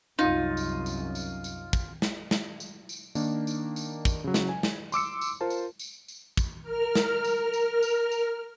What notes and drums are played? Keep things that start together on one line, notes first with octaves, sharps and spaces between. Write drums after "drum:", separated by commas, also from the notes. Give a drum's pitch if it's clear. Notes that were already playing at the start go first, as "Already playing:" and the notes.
C2 F#2 D#4 F4 D#6
drum: tambourine
drum: tambourine
drum: tambourine
drum: tambourine
drum: kick, tambourine
drum: snare
drum: snare
drum: tambourine
drum: tambourine
D#3 A#3 D4 D#4, drum: tambourine
drum: tambourine
drum: tambourine
drum: kick, tambourine
C#3 F#3
drum: snare
G#5
drum: snare
C6 D6 E6 C#7, drum: tambourine
drum: tambourine
F4 A#4 C5 A5
drum: tambourine
drum: tambourine
drum: tambourine
drum: kick, tambourine
A#4 F6
drum: snare
drum: tambourine
drum: tambourine
drum: tambourine
drum: tambourine